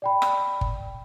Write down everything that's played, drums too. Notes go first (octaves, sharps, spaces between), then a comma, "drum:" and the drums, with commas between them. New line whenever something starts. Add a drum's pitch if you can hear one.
D5 G5 B5
drum: rim click
drum: kick G1